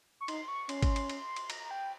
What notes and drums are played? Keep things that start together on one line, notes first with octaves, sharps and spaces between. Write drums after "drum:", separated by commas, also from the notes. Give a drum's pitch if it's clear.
C#6
D#4 C6, drum: cymbal
C#6
C#4 C6, drum: cymbal
drum: kick G#1, cymbal
drum: cymbal
drum: cymbal
drum: cymbal
A#5, drum: cymbal
G5